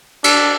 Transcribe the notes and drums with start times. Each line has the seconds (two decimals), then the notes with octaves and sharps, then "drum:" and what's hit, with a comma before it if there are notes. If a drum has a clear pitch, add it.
0.24 D4, drum: cymbal